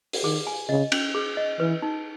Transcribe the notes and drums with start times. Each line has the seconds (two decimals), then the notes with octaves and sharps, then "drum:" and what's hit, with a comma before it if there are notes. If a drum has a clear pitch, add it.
0.13 drum: open hi-hat
0.24 D#3 G#4
0.47 G#5
0.69 C#3 D#5
0.92 C#4, drum: cymbal
1.15 G#4
1.37 D#5
1.60 E3 B4
1.82 D#4